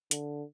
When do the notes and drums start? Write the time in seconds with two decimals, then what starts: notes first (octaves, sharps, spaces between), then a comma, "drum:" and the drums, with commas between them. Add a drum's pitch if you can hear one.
0.11 D3, drum: hi-hat